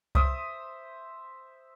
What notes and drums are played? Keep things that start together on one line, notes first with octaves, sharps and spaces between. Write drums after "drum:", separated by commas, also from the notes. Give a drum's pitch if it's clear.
C5 E5 D#6, drum: kick C2